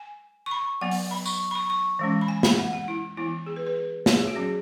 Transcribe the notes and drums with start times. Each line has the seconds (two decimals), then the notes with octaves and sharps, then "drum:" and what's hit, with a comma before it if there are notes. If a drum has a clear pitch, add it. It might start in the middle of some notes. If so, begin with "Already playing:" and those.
Already playing: G#5
0.46 C#6
0.51 B5
0.81 F#3 B3 F#5
0.91 drum: open hi-hat
1.11 B5
1.26 C#6, drum: tambourine
1.51 B5
1.55 C#6
1.70 C#6
1.99 E3 G#3 C#4
2.21 B5
2.28 G#5
2.43 B5, drum: snare
2.58 F#5
2.73 F#5
2.88 E4
3.17 E3 B3 E4
3.46 G#4
3.56 B4
3.67 B4
4.06 C#5, drum: snare
4.20 G#4
4.28 F#4
4.35 F#3 C#4 G#4